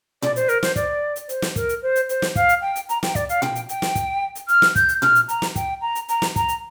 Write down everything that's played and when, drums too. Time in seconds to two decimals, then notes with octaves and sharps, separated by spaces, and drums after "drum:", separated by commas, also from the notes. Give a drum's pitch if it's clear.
0.22 D5, drum: tom A#2
0.36 C5, drum: hi-hat
0.49 A#4, drum: hi-hat
0.63 C5, drum: snare
0.76 D5, drum: kick, hi-hat
1.16 drum: hi-hat
1.29 C5, drum: hi-hat
1.42 drum: snare
1.56 A#4, drum: kick, hi-hat
1.69 drum: hi-hat
1.82 C5
1.96 drum: hi-hat
2.09 C5, drum: hi-hat
2.22 drum: snare
2.35 F5, drum: kick, hi-hat
2.49 drum: hi-hat
2.62 G5
2.75 drum: hi-hat
2.89 A#5, drum: hi-hat
3.03 G5, drum: snare
3.15 D5, drum: kick, hi-hat
3.29 F5, drum: hi-hat
3.42 G5, drum: tom A#2
3.55 drum: hi-hat
3.69 G5, drum: hi-hat
3.82 drum: snare
3.95 drum: kick, hi-hat
4.35 drum: hi-hat
4.48 F6, drum: hi-hat
4.62 drum: snare
4.75 G6, drum: kick, hi-hat
4.89 drum: hi-hat
5.02 F6, drum: tom A#2
5.15 drum: hi-hat
5.29 A#5, drum: hi-hat
5.42 drum: snare
5.56 G5, drum: kick, hi-hat
5.81 A#5
5.95 drum: hi-hat
6.08 A#5, drum: hi-hat
6.22 drum: snare
6.36 A#5, drum: kick, hi-hat
6.48 drum: hi-hat